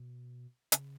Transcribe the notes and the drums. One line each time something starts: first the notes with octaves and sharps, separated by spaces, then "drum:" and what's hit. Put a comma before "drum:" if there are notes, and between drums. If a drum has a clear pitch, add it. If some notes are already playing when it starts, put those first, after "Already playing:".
Already playing: B2
C#3, drum: hi-hat